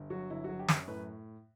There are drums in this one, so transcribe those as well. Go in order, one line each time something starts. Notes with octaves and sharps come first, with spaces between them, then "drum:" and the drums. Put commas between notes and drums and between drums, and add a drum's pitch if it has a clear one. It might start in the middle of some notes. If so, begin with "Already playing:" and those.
Already playing: G1
F#3 F#4
G1 E4
F#3 F#4
G4
F#2, drum: snare
A2 B4